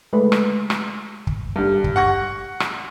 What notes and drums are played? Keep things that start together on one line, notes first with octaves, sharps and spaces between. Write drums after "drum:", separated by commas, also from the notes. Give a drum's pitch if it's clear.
G#3 A3 B4
drum: rim click
drum: rim click
drum: kick
G2 G3 D4
drum: kick
F#5 C#6 A#6
drum: rim click